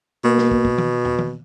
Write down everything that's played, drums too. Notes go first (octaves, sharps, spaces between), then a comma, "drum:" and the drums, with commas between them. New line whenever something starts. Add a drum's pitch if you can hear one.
B2 A#3
drum: snare
drum: kick
drum: kick
drum: tom
drum: tom
drum: tom